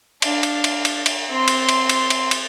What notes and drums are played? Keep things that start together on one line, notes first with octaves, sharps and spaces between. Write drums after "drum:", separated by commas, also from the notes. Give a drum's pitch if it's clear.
D4 F5, drum: cymbal
drum: cymbal
drum: cymbal
drum: cymbal
drum: cymbal
C4 C6
drum: cymbal
drum: cymbal
drum: cymbal
drum: cymbal
drum: cymbal